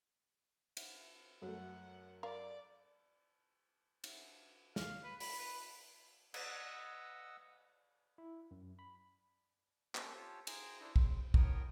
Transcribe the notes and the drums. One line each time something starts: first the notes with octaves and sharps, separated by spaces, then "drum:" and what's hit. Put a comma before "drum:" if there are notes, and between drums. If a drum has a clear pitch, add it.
drum: cymbal
F#2 A3 F#5
A#4 D5 F5
drum: cymbal
F5, drum: snare
B4
B5, drum: open hi-hat
B4
D#5 F#5 E6, drum: cymbal
E4
F#2
B5
A#3 C4 C#4 G4 A4, drum: clap
F4 G4 A4 C5 C#5
G#4 C5 G5 G#5 A#5, drum: cymbal
D4 E4 A4 C5
C#3 C4, drum: kick
A2 B3 A#4 C#5 G5 D#6, drum: kick